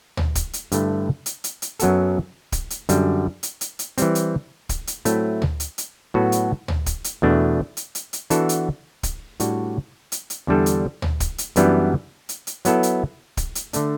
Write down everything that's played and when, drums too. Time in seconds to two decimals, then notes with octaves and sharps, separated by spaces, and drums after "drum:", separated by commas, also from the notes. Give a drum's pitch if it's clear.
0.17 drum: tom
0.35 drum: kick D1, hi-hat
0.53 drum: hi-hat
0.72 G2 D3 A3 E4, drum: hi-hat
1.26 drum: hi-hat
1.44 drum: hi-hat
1.62 drum: hi-hat
1.80 F#2 F#3 B3 F#4 A4, drum: hi-hat
2.52 drum: kick D1, hi-hat
2.70 drum: hi-hat
2.89 F#2 D3 G3, drum: hi-hat
3.43 drum: hi-hat
3.61 drum: hi-hat
3.79 drum: hi-hat
3.98 E3 G3 C4, drum: hi-hat
4.15 drum: hi-hat
4.69 drum: kick D1, hi-hat
4.87 drum: hi-hat
5.05 A2 F#3 A3 C4 E4, drum: hi-hat
5.42 drum: tom
5.60 drum: hi-hat
5.78 drum: hi-hat
6.14 A2 F#3 B3 F#4 A4
6.32 drum: hi-hat
6.68 drum: tom
6.86 drum: kick D1, hi-hat
7.04 drum: hi-hat
7.22 E2 B2 A3 D4
7.77 drum: hi-hat
7.95 drum: hi-hat
8.13 drum: hi-hat
8.30 E3 B3 D4 F#4 A4, drum: hi-hat
8.49 drum: hi-hat
9.03 drum: kick D1, hi-hat
9.40 A2 G3 D4 F#4, drum: hi-hat
10.12 drum: hi-hat
10.30 drum: hi-hat
10.47 E2 D3 G3 D4 A4
10.66 drum: hi-hat
11.02 drum: tom
11.20 drum: kick D1, hi-hat
11.38 drum: hi-hat
11.56 F#2 E3 G3 B3 D4, drum: hi-hat
12.29 drum: hi-hat
12.47 drum: hi-hat
12.65 F#3 B3 E4 A4, drum: hi-hat
12.83 drum: hi-hat
13.37 drum: kick D1, hi-hat
13.55 drum: hi-hat
13.73 D3 A3 D4, drum: hi-hat